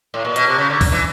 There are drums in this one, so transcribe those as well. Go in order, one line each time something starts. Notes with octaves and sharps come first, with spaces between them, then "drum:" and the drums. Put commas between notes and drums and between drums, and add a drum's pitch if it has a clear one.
A2
A#2
B2, drum: hi-hat
C3
C#3
D3
drum: kick C#2, open hi-hat
E3